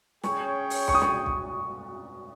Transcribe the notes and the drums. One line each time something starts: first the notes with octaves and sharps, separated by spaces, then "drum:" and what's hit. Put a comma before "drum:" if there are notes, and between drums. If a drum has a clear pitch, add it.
C#4 G#4 C#5 G5 C#6, drum: snare
drum: open hi-hat
C#6, drum: kick
D#6
C#6, drum: snare
drum: kick